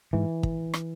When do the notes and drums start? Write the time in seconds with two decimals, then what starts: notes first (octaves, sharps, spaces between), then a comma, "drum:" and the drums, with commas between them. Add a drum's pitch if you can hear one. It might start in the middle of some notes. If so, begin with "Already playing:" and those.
0.13 G#2 E3
0.43 drum: kick
0.74 drum: rim click